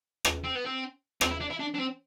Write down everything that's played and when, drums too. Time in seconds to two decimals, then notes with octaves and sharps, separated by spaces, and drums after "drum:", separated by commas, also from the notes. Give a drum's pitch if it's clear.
0.25 drum: rim click
0.44 C4
0.55 B3
0.66 C4
1.21 C4, drum: rim click
1.30 E4
1.40 D4
1.50 E4
1.59 D4
1.74 D4
1.79 C4